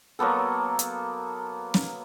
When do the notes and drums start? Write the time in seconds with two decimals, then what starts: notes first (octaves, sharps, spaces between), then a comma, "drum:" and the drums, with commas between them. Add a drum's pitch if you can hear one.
0.19 F#3 A#3 B3 A4
0.79 drum: hi-hat
1.74 drum: snare